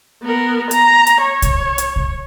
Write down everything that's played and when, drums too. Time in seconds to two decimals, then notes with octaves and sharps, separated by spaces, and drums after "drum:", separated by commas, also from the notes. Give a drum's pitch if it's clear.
0.23 B3 A#4
0.71 A#5, drum: hi-hat
1.07 drum: hi-hat
1.22 C#5
1.42 drum: kick, hi-hat
1.78 drum: hi-hat
1.96 drum: kick